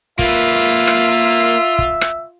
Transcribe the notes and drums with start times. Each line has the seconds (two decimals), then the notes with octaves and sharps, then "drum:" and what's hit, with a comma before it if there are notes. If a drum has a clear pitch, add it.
0.19 A#3 F4 B4 E5, drum: kick
0.87 drum: rim click
1.79 drum: kick
2.01 drum: rim click